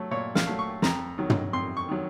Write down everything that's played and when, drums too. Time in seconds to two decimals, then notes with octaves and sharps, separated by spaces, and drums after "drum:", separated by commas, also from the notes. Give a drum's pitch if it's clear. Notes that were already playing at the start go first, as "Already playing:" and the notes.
Already playing: F#3 A3
0.11 A#2 C#5
0.35 F5, drum: snare
0.47 F#3 A3
0.59 C#6
0.82 F2 A#5, drum: snare
1.18 D#3 F#3
1.30 drum: tom
1.53 F2 C6
1.77 C#6
1.89 D#3 F#3